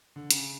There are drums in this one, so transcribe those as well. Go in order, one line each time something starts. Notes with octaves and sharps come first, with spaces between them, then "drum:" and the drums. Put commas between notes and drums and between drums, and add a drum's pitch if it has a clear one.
D3
C#3, drum: hi-hat